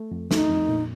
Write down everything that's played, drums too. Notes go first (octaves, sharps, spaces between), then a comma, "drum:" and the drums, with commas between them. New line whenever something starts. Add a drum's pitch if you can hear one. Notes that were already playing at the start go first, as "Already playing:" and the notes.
Already playing: A3
F2
A3 D#4, drum: snare
F2
A#2